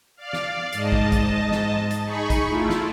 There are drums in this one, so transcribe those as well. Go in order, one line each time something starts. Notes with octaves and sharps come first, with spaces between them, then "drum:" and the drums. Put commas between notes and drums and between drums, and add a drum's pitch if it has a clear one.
D5 F5
drum: snare
G#2 D#5 A5, drum: hi-hat
drum: kick
drum: kick, hi-hat
drum: snare
drum: hi-hat
D#4 G#4 B5 C#6
drum: kick, hi-hat
A3 E4 F4
drum: snare